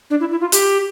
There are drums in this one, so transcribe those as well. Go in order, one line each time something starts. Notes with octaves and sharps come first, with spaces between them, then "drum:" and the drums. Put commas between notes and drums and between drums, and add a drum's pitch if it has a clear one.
D4
E4
E4
F4
G4, drum: hi-hat